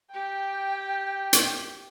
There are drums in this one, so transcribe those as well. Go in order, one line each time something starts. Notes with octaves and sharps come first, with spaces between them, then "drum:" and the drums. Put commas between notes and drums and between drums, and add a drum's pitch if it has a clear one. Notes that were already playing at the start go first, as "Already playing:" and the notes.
G4 G5
drum: hi-hat